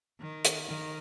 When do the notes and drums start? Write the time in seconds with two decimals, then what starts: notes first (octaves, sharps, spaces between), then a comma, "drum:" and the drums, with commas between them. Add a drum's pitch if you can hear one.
0.21 D#3
0.45 drum: hi-hat
0.68 D#3